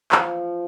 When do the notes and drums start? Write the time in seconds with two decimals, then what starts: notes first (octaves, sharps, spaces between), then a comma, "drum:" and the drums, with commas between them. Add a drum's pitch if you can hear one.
0.12 F3, drum: clap